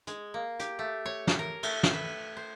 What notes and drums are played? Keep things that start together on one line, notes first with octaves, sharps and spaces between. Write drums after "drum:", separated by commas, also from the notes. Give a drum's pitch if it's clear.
G#3, drum: hi-hat
A#3
G4, drum: hi-hat
A3
C#5
drum: snare
A#4
A3, drum: cymbal
drum: snare
B4
C5